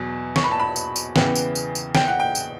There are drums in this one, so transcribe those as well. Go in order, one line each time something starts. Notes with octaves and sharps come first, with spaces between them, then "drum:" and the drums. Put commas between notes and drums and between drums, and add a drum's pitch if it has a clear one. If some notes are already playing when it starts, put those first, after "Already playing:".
Already playing: E2 B2 F#3
C#6, drum: snare
B5
A5
B5
drum: tambourine
drum: tambourine
E2 C#3 E3 B3 G5, drum: snare
drum: tambourine
drum: tambourine
drum: tambourine
G5, drum: snare
F#5
G5
drum: tambourine